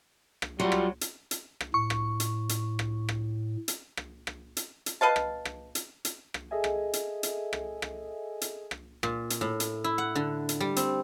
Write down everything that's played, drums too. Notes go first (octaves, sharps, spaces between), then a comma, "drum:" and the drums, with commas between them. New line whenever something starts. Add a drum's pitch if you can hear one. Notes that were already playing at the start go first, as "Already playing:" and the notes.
drum: rim click
F#3 G3 F4 F#5 C6
drum: rim click
drum: hi-hat
drum: hi-hat
drum: rim click
A2 C#6
drum: rim click
drum: hi-hat
drum: hi-hat
drum: rim click
drum: rim click
drum: hi-hat
drum: rim click
drum: rim click
drum: hi-hat
drum: hi-hat
B4 D#5 F5 A5
drum: rim click
drum: rim click
drum: hi-hat
drum: hi-hat
drum: rim click
G#4 A4 D#5 E5 G#5
drum: rim click
drum: hi-hat
drum: hi-hat
drum: rim click
drum: rim click
drum: hi-hat
drum: rim click
A#2, drum: rim click
drum: hi-hat
A2
drum: hi-hat
E4
F#5
D3
drum: hi-hat
G3
C4, drum: hi-hat